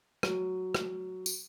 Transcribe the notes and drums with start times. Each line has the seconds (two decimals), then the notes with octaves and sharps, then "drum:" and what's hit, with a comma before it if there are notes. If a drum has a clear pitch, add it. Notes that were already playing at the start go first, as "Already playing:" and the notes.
0.23 F#3, drum: rim click
0.75 drum: rim click
1.26 drum: tambourine